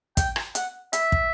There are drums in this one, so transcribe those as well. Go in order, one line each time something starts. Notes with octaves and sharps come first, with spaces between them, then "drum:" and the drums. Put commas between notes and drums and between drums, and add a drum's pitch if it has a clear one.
G5, drum: kick, hi-hat
drum: rim click
F#5, drum: hi-hat
E5, drum: hi-hat
drum: kick